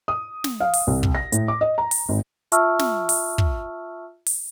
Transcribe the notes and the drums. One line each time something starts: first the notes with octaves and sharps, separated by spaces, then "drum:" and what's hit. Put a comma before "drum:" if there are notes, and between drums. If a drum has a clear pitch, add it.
D#6
drum: snare
F5
drum: open hi-hat
C2
drum: kick
A#6
A2, drum: hi-hat
D6
D#5
A#5
drum: open hi-hat
G#1
F4 E5 A5 C#6 E6 F6, drum: hi-hat
drum: snare
drum: open hi-hat
drum: kick
drum: open hi-hat